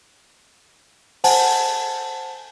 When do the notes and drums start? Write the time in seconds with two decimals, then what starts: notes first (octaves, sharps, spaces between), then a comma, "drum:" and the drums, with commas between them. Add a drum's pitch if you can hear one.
1.24 C5 F#5 G#5 A5, drum: open hi-hat